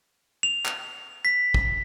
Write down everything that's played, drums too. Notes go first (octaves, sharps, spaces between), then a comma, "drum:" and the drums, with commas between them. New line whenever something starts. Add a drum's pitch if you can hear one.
F7
drum: clap
B6
drum: kick